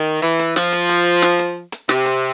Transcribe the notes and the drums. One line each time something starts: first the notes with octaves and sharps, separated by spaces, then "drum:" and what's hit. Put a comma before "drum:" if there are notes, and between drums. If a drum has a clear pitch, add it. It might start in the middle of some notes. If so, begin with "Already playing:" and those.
Already playing: D#3
E3, drum: hi-hat
drum: hi-hat
F3, drum: snare
drum: hi-hat
drum: hi-hat
drum: snare
drum: hi-hat
drum: hi-hat
C3, drum: snare
drum: hi-hat